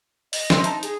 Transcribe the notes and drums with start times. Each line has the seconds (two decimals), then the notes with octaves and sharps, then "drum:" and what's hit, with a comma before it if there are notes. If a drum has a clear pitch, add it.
0.33 D#5, drum: open hi-hat
0.50 C4 E4 C5, drum: snare
0.64 D#4 A5, drum: hi-hat
0.83 G#4, drum: hi-hat